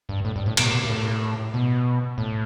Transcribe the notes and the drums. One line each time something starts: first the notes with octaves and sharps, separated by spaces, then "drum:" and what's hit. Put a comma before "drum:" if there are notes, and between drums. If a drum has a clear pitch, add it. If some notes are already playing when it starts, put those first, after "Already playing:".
G2
A2
G2
A2
B2, drum: cymbal
A2
B2
A2
B2
A2